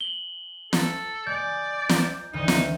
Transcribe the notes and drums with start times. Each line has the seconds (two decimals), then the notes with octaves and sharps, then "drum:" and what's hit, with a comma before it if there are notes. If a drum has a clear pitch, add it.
0.01 F#7 G7
0.73 A4, drum: snare
1.27 G#3 D5 G6
1.89 drum: snare
2.33 D2 D#3 E3 D#4
2.48 drum: snare